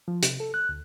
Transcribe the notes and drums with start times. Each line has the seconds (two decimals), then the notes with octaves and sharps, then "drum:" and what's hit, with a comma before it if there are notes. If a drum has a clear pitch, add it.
0.08 F3
0.23 C3, drum: hi-hat
0.40 A4
0.54 F#6
0.69 D2